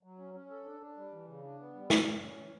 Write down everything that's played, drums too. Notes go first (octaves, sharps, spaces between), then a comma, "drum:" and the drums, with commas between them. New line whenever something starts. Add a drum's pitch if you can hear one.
F#3
C#4
C#4
A4
D4
D4
G3
E3
C#3
D4
B3
G3
F#2, drum: snare
C#4
C#4
E3